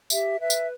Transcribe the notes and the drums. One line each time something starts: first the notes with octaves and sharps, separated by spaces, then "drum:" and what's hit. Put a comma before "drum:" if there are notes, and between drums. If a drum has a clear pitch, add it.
G4 E5, drum: tambourine
B4 E5
drum: tambourine